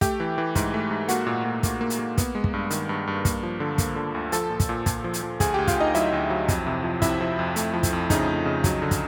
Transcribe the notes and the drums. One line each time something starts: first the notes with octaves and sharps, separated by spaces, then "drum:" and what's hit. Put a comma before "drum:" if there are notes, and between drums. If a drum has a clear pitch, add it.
A3 G4 G5, drum: kick, hi-hat
E3
E3
G#2, drum: kick, hi-hat
A3
G#2
A#3 F#4 F#5, drum: hi-hat
A#2
A#2
A#3, drum: kick, hi-hat
A#3
drum: hi-hat
A#3
B3, drum: kick, hi-hat
G#3
drum: kick
G2
D#3, drum: hi-hat
G2
G2
A#3, drum: kick, hi-hat
F3
D3
A#3, drum: kick, hi-hat
D3
D2
F3 A4 A5, drum: hi-hat
A#2
drum: kick, hi-hat
A#2
A#2, drum: kick, hi-hat
F3
drum: hi-hat
F3
D2 G#4 G#5, drum: kick, hi-hat
D2 G4 G5
F4 F5, drum: kick, hi-hat
D2 D#4 D#5
F#3 E4 E5, drum: hi-hat
D2
F#3
F2, drum: kick, hi-hat
C3
F3
C3 E4 E5, drum: kick, hi-hat
F3
F2
A3, drum: hi-hat
F3
drum: kick, hi-hat
F2
C#3 D#4 D#5, drum: kick, hi-hat
F2
C#3
F#3, drum: kick, hi-hat
D3
drum: kick, hi-hat